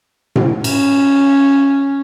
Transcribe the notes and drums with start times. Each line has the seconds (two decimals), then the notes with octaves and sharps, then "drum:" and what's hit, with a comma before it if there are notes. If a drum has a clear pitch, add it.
0.36 drum: tom A2
0.64 C#4, drum: cymbal